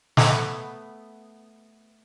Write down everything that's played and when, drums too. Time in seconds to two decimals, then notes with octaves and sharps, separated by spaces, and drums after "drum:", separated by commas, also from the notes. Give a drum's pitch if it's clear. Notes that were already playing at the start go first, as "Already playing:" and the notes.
0.17 A3 B3, drum: snare